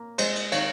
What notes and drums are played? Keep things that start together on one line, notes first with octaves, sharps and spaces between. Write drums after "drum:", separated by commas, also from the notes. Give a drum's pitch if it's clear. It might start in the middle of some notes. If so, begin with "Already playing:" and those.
Already playing: A#3
G#3 C5 D#5, drum: cymbal
drum: cymbal
D#3 C#5 F5, drum: cymbal